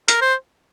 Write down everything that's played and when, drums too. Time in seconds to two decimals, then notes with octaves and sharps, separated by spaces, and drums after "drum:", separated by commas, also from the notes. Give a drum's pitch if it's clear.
0.08 A#4, drum: hi-hat
0.22 C5